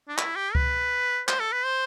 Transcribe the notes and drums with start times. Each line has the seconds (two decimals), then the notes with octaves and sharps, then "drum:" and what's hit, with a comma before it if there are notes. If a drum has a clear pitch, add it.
0.08 D4
0.18 E4, drum: clap
0.36 G4
0.55 B4, drum: kick C#2
1.28 C5, drum: clap
1.40 A4
1.53 B4
1.65 C5